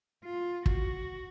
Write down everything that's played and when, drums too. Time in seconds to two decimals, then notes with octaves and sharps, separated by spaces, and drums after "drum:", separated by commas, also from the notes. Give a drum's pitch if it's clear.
0.24 F4
0.66 F#4, drum: kick